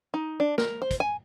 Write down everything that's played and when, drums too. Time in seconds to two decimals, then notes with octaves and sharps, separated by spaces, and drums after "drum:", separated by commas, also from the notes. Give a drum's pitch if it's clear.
0.14 D#4
0.40 D4
0.58 A#4, drum: snare
0.82 C5
0.91 drum: kick, hi-hat
1.00 G#5